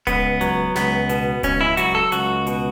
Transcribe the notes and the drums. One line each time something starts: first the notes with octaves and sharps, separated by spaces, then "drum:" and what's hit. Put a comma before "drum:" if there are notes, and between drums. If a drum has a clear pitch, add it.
C#2 B3, drum: kick D1, hi-hat
F#3, drum: hi-hat
C#2 B3, drum: snare
B2, drum: hi-hat
C#2 C#4, drum: kick D1, hi-hat
E4
F#3 F#4, drum: hi-hat
A4
C#2 F#4, drum: hi-hat
B2, drum: hi-hat